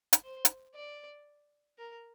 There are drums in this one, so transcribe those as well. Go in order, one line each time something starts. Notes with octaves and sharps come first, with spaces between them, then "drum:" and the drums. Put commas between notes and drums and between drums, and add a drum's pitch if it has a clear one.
drum: hi-hat
C5
drum: hi-hat
D5
A#4